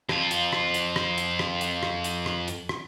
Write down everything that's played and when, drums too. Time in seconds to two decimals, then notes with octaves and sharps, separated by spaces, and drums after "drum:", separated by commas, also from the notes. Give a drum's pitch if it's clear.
0.09 F2 F4, drum: rim click
0.31 drum: hi-hat
0.53 drum: rim click
0.74 drum: hi-hat
0.96 drum: rim click
1.18 drum: hi-hat
1.39 drum: rim click
1.61 drum: hi-hat
1.83 drum: rim click
2.04 drum: hi-hat
2.26 drum: rim click
2.48 drum: hi-hat
2.69 drum: rim click